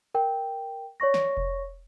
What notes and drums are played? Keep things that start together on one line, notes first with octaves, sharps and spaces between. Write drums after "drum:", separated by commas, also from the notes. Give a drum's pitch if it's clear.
A#4 G5
C#5 D5 C#6 A#6
drum: snare
drum: kick F1